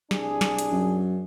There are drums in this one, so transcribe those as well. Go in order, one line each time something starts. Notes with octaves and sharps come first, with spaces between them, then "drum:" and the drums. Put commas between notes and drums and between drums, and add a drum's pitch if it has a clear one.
C2 D4 G#4, drum: snare
drum: snare
drum: hi-hat
F#2